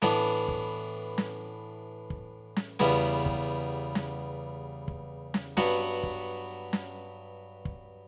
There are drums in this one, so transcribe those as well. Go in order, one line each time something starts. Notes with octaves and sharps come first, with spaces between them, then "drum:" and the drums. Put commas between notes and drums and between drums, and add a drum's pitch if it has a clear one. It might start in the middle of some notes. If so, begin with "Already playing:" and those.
A2 E3 B3 D4, drum: snare
drum: kick
drum: snare
drum: kick
drum: snare
E2 C#3 G3 B3 E4, drum: snare
drum: kick
drum: snare
drum: kick
drum: snare
G2 F#3 B3 F#4, drum: snare
drum: kick
drum: snare
drum: kick